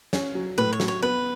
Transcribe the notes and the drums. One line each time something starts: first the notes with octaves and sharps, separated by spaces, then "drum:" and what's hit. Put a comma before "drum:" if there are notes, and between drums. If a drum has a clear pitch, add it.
C#4, drum: snare
F#3
A2 B4
C#5
F#3, drum: snare
C#5
B3 B4